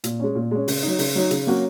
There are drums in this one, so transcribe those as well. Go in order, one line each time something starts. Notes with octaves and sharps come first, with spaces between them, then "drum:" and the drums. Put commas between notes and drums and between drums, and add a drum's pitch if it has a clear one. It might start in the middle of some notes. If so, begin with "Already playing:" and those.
A#2, drum: hi-hat
G#3 C#4
A#2
G#3 C#4
C#3, drum: open hi-hat
F#3 D#4
C#3, drum: open hi-hat
F#3 D#4
C#3, drum: hi-hat
F#3 A#3 C#4 F#4